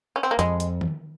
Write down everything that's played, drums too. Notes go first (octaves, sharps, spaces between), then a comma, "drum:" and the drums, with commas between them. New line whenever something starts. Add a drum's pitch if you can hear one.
C#4
C4
A#3
F2 G#3, drum: hi-hat
drum: hi-hat
drum: tom D#3